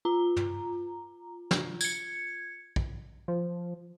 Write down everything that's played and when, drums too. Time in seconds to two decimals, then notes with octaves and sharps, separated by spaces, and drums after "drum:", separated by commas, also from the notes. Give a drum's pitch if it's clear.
0.05 F4 A#5
0.36 drum: tom
1.51 drum: snare
1.81 G#6 C#7, drum: tambourine
2.76 drum: kick A#1
3.28 F3